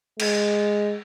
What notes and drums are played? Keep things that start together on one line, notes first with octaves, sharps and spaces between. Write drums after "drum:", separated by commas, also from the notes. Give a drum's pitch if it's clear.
G#3, drum: cymbal